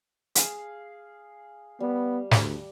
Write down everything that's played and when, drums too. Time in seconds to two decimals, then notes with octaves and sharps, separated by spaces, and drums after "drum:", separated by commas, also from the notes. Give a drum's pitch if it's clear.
0.35 G#4 F5, drum: hi-hat
1.80 G3 B3
2.31 D2, drum: snare